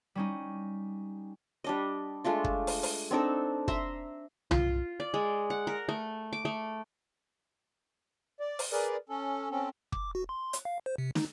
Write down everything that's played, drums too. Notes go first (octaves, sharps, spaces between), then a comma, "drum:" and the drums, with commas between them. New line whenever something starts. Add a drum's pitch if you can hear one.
G3 C#4 D#4
G3 D4 D#5
G#3 A3 D4 F4
drum: kick
drum: open hi-hat
drum: open hi-hat
C4 D4 D#4 A4
E5 A#5 C6, drum: kick
F4, drum: tom C2
D5
G#3
F#5
A#4
A3
D6
A3
D5
drum: open hi-hat
G#4 A#4 B4 D5
C#4 A4
C4 C#4 A4
D6, drum: kick
F#4
C6
drum: hi-hat
F5
C5
C3
D#4, drum: snare